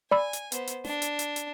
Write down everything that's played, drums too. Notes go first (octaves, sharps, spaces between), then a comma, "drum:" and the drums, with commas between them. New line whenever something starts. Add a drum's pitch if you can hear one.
D5 G#5 B5 E6
drum: hi-hat
B3 C5, drum: hi-hat
drum: hi-hat
D4, drum: snare
drum: hi-hat
drum: hi-hat
drum: hi-hat